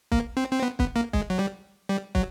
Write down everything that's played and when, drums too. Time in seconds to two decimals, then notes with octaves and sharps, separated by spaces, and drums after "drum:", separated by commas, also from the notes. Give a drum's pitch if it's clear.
0.12 A#3, drum: kick
0.37 C4
0.51 C4
0.63 B3
0.79 B3, drum: kick
0.96 A#3
1.13 G#3, drum: kick
1.30 F#3
1.39 G3
1.89 G3
2.15 F#3, drum: kick